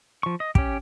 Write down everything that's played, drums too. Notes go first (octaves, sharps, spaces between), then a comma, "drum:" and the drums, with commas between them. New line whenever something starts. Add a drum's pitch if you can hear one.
F3 C#6
D#5
C#4 G4, drum: kick